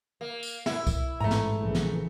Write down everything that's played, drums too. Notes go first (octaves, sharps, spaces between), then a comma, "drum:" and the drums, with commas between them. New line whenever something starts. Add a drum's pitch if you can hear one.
A#3
drum: tambourine
E4, drum: snare
drum: kick C2, tambourine
A1 G#2 A3 A#5
drum: snare
A#1 C#3 E3
drum: snare